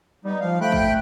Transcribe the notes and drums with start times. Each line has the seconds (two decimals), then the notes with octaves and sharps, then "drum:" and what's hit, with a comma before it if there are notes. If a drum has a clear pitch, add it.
0.25 G3 B3 D#4
0.40 F3 F5
0.61 A3 G5 B5 F#6
0.72 drum: kick